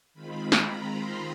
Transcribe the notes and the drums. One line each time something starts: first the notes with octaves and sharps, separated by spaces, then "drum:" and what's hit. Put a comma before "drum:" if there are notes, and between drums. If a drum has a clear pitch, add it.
D#3 G#3 C4 F4 B5
A#5, drum: snare
C6